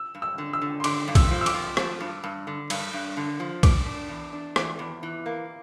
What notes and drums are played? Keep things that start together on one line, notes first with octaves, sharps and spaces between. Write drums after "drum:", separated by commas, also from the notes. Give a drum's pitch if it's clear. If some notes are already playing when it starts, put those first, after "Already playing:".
Already playing: E6
G2
E6
D3
E6
D3
C6
D3 D6, drum: cymbal
G2
E6, drum: kick B1, cymbal
F3
E6
D6, drum: cymbal
F3
F3, drum: rim click
G2
G2
D3
G2, drum: cymbal
G2
D3
F3
D4 D6, drum: kick B1, cymbal
D4
E2
D4
E3 D6, drum: rim click
E2
E3
A#3